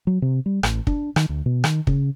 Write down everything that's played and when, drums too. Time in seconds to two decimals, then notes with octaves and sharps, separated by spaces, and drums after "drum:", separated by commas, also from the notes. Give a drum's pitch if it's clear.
0.07 F#3
0.22 C3
0.46 G3
0.63 A1, drum: rim click
0.87 D4, drum: kick
1.16 D#3, drum: rim click
1.29 D2
1.46 B2
1.64 D#3, drum: rim click
1.87 C#3, drum: kick